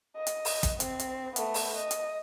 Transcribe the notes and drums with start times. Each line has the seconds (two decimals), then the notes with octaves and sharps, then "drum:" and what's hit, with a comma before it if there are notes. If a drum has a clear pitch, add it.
0.17 D#5
0.27 drum: hi-hat
0.45 drum: open hi-hat
0.63 drum: kick, hi-hat
0.80 C4, drum: hi-hat
0.99 drum: hi-hat
1.36 A3 B3, drum: hi-hat
1.54 drum: open hi-hat
1.76 D#5
1.91 drum: hi-hat